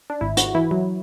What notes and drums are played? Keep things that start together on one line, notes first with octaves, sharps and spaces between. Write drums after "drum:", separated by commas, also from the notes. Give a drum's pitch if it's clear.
D4
G#1 E4
F#4, drum: hi-hat
E3 E4
F#3